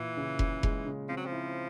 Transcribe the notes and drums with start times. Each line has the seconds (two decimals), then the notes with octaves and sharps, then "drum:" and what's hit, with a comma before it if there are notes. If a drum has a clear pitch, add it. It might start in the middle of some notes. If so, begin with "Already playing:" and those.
Already playing: A#2 E3
0.17 C#3
0.39 C#3, drum: kick F1
0.63 G#3, drum: kick F1
0.86 C#3
1.09 F3 C4
1.17 F#3
1.26 F3
1.32 E4